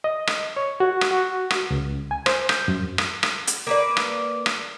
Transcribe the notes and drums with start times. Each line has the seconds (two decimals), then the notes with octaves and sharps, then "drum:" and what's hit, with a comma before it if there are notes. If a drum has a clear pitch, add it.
0.04 D#5
0.27 drum: rim click
0.56 C#5
0.80 F#4
1.01 drum: rim click
1.11 F#4
1.50 drum: rim click
1.70 C#2
2.11 G#5
2.26 C5, drum: rim click
2.49 G6, drum: rim click
2.68 F#2
2.98 drum: rim click
3.23 drum: rim click
3.47 drum: hi-hat
3.67 A#3 B4 D5
3.97 drum: rim click
4.46 drum: rim click